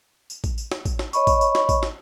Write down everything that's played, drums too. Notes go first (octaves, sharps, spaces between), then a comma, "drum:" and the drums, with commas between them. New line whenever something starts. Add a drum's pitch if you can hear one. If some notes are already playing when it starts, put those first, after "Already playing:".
drum: tambourine
drum: kick, tambourine
drum: tambourine
drum: snare
drum: kick, tambourine
drum: snare
C#5 D#5 B5 C#6, drum: tambourine
drum: kick, tambourine
drum: tambourine
drum: snare
drum: kick, tambourine
drum: snare